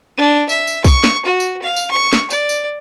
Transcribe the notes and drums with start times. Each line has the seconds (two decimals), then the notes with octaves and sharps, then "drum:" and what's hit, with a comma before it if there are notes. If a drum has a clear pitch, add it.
0.18 D4
0.49 E5, drum: tambourine
0.67 drum: tambourine
0.84 C#6, drum: kick B1, tambourine
1.04 drum: snare
1.26 F#4
1.40 drum: tambourine
1.62 F5
1.76 drum: tambourine
1.91 C#6
2.13 drum: snare
2.30 D5, drum: tambourine
2.49 drum: tambourine